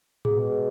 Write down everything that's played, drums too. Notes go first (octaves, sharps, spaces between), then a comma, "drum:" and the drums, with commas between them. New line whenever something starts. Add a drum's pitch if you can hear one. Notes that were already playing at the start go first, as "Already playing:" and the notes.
B2 G#3 B3 G#4, drum: tom G#2